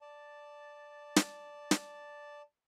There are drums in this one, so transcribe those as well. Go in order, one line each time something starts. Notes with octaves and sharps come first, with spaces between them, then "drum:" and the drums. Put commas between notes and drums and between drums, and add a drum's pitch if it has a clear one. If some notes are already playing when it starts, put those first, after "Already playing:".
D5 A5
drum: snare
drum: snare